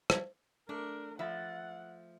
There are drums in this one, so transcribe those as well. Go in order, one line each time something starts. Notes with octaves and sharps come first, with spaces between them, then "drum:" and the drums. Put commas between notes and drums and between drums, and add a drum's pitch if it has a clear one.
drum: rim click
A3 D4 A#4
F3 E5 F#5 B5 A6